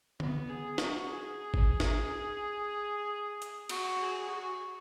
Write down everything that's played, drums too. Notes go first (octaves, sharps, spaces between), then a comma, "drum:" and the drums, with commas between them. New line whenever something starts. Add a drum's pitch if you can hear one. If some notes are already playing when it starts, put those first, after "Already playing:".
B3, drum: tom D3
G#4
F#4, drum: snare
G#4
drum: kick G1
drum: snare
drum: hi-hat
F#4, drum: cymbal
G#4
F#4